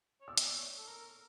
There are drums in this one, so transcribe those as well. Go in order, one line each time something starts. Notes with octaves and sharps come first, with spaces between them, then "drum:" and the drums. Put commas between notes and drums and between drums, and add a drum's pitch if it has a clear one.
C#5
D5 E6
E5, drum: hi-hat
D5
C#5
A4
A#4